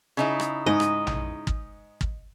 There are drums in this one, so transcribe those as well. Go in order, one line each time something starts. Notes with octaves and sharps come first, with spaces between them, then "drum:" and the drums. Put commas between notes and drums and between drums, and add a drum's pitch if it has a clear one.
C#3 D#4 E4
drum: rim click
G#2 D#5
drum: rim click
drum: tom A#1
drum: kick
drum: kick